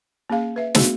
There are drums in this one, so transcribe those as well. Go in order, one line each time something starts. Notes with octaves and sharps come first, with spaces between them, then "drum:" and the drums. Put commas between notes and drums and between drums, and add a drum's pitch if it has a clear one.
A#3 C#4 G#4 F5
B4 E5
G3 A3 B3 D4 F#4 G#4, drum: snare